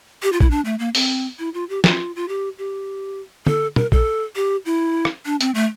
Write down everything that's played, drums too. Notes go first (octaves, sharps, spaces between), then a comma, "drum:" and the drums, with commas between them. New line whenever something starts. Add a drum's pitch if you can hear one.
G4
F4
E4, drum: kick A#1
D4
A3
A#3
C4, drum: open hi-hat
E4
F4
G4
F4, drum: snare
F4
G4
G4
A4, drum: tom
A#4, drum: tom
A4, drum: kick A#1
G4
E4
drum: rim click
D4
C4, drum: hi-hat
A3